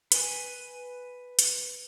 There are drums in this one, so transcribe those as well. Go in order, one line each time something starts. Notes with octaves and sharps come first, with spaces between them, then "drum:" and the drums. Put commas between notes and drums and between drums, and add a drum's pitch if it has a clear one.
B4 G#5, drum: hi-hat
drum: hi-hat